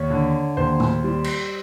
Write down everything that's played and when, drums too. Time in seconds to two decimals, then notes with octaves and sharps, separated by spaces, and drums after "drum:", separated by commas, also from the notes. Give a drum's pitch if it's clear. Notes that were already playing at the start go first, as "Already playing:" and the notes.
Already playing: D#2 C#5
0.10 D3
0.57 D#2 C5
0.80 drum: tom A2
1.04 G3
1.24 drum: cymbal